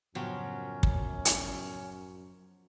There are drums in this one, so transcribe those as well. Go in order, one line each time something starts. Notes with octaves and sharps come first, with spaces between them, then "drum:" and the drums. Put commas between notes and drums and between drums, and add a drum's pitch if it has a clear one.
F#2 A2 C#3 F3 F#3 B3 C#4 G4
drum: kick
drum: hi-hat